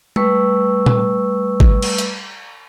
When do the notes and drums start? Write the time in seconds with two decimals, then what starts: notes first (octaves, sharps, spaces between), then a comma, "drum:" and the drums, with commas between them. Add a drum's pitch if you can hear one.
0.16 G3 A3 B4 C#6 E6, drum: tom G#3
0.86 drum: tom A#2
1.60 drum: kick G#1
1.82 drum: cymbal
1.98 drum: hi-hat